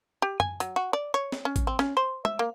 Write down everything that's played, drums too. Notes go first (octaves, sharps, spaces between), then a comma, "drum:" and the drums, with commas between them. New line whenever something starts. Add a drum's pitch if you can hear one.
G4
G#5, drum: tom F#2
F#3, drum: hi-hat
F#4
D5
C#5
drum: snare
C#4
drum: kick A1, hi-hat
C4
C#4, drum: snare
C5
E5, drum: tom G#3
A#3